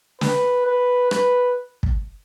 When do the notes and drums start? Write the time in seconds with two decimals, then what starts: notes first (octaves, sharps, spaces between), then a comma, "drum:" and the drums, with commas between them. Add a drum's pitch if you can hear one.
0.21 B4, drum: snare
0.66 B4
1.11 B4, drum: rim click
1.83 drum: kick